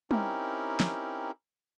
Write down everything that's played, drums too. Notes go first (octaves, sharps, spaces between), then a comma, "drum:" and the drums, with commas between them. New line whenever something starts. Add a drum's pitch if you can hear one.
C4 C#4 D#4 E4 G4 A#4, drum: tom G3
drum: snare